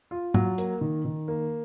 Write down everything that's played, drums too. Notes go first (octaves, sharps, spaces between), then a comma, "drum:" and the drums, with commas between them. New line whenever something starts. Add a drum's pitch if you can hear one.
F4
F#3, drum: tom G#2
A#3, drum: hi-hat
D#3
D#3
A#3